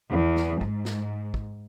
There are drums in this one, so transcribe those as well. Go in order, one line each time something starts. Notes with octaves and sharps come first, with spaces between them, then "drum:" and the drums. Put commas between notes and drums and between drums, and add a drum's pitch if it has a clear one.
E2
drum: snare
G#2, drum: kick
drum: snare
drum: kick